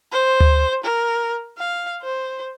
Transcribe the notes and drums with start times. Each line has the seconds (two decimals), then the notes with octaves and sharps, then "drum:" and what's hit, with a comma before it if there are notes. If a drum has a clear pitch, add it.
0.12 C5
0.40 drum: tom D2
0.84 A#4
1.58 F5
2.02 C5